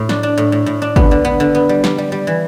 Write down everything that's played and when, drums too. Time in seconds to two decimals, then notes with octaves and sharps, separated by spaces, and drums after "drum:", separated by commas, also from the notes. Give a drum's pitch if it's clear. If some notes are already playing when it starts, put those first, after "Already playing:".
Already playing: A2
0.09 D4, drum: snare
0.23 D4
0.38 A2
0.52 A2
0.66 A2
0.82 D4
0.96 B3, drum: kick
1.11 D3
1.25 B3
1.40 D3
1.55 B3
1.69 G3
1.84 G3, drum: snare
1.98 G3
2.12 G3
2.27 E3